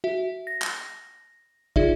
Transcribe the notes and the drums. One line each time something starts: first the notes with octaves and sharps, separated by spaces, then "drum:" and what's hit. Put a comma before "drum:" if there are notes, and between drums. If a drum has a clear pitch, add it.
F#4 E5
A#6
drum: clap
D#4 F4 G#4 D5 E5, drum: kick